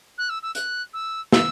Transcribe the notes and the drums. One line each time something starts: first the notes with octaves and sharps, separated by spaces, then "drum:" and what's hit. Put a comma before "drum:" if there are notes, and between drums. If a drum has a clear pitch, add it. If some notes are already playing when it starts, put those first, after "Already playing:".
F#6
E6
E6
F#6, drum: hi-hat
E6
E6, drum: snare